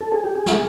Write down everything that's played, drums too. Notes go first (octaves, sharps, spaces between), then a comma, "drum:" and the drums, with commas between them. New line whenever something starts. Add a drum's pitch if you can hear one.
A4
G#4
G4
G#4
drum: snare